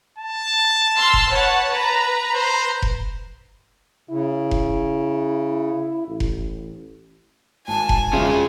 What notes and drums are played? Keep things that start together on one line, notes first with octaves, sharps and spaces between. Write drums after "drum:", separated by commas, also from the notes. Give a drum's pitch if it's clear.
A5
C6 E6 F6
drum: kick F1
B4 C#5 F#5
B4 A#5
C5
drum: kick F1
C#3 E4
drum: kick F1
A1
drum: kick F1
G#1 G#5 A5
drum: kick F1
E1 C#3 C#4 F4 G#4 E5